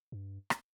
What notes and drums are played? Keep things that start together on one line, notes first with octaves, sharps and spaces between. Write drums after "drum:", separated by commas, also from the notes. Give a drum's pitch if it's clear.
G2
drum: rim click